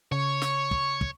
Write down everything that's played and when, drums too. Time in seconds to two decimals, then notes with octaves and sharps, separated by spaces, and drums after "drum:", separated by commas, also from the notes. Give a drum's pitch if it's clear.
0.12 C#3 C#5 C#6
0.42 drum: snare
0.71 drum: kick
1.01 drum: kick